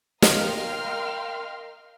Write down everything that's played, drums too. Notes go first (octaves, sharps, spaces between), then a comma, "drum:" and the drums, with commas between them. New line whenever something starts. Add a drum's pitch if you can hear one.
A#4 D#5 F5 G5 C6 F6, drum: snare